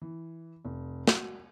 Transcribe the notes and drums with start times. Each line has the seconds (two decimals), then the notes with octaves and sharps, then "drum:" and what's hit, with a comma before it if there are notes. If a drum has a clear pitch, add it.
0.02 E3
0.65 F1
1.07 F#4, drum: snare